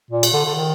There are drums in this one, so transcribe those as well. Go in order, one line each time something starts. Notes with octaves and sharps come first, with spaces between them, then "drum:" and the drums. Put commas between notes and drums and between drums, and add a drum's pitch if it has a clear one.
A#2
drum: cymbal
D3
D3
D#3